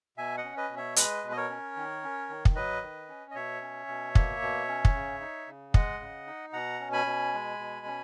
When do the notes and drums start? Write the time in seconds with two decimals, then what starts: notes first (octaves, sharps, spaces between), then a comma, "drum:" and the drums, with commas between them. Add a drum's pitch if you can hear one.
0.17 B2 E5 G#5
0.37 D#5 F#5
0.44 C#4
0.57 B4 D#5
0.70 B2
0.77 C#5 E5
0.96 G#3 B4 D#5, drum: hi-hat
1.24 B2
1.32 D#5
1.37 A#4 C#5
1.50 C#4
1.76 D#3
2.03 C#4
2.29 D#3
2.45 drum: kick
2.55 F#3 B4 D#5
2.82 D#3
3.09 C#4
3.31 D#5
3.35 B2 C#5 E5
3.62 C#4
3.88 B2
4.15 A#3, drum: kick
4.41 B2
4.68 C#4
4.85 drum: kick
4.94 C#3
5.20 D#4
5.47 C#3
5.74 G#3 D#5 F#5, drum: kick
6.00 C#3
6.27 D#4
6.53 B2 F#5 A#5
6.80 C#4
6.92 G#5 B5
7.06 B2
7.33 G#3
7.59 B2
7.86 C#4